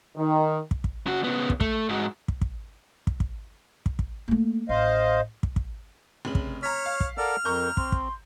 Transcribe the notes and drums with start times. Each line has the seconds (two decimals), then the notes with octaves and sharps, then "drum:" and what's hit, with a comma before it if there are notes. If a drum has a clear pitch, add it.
0.17 D#3
0.71 drum: kick
0.84 drum: kick
1.07 C#3 F#4
1.24 C#3 B3
1.50 drum: kick
1.60 A3, drum: kick
1.89 G#2 F#4
2.28 drum: kick
2.41 drum: kick
3.07 drum: kick
3.20 drum: kick
3.86 drum: kick
3.99 drum: kick
4.28 A3 A#3
4.69 A1 C5 D#5 F5
5.43 drum: kick
5.56 drum: kick
6.25 F1 C#3 F#7
6.35 drum: kick
6.63 C#5 A#5 F6 B6
6.86 F5
7.00 drum: kick
7.18 A4 A#4 D5 F#5 F6
7.45 F2 A#4 A#5 C#6 G6
7.77 C4 C6, drum: kick
7.92 drum: kick